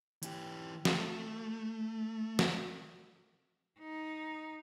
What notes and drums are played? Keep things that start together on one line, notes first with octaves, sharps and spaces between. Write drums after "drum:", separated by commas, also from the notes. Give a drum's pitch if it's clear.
E3 G4, drum: hi-hat
A3, drum: snare
drum: snare
D#4